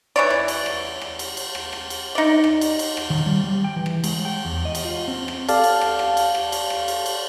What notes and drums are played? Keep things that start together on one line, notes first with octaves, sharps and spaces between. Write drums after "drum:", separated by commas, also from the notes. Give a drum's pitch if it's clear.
E3 C#5 D5
drum: rim click
drum: cymbal
drum: rim click
drum: rim click
drum: cymbal
drum: cymbal
drum: rim click
drum: rim click
drum: cymbal
D#4 D5
drum: rim click
drum: cymbal
drum: cymbal
drum: rim click
D#3
G3
G3
G5
E3
drum: rim click
G#3, drum: cymbal
G5
E2
D#5
drum: cymbal
F4
C4
drum: rim click
G4 A4 D5 F5 A5, drum: cymbal
drum: cymbal
drum: rim click
drum: rim click
drum: cymbal
drum: rim click
drum: cymbal
drum: rim click
drum: cymbal
drum: cymbal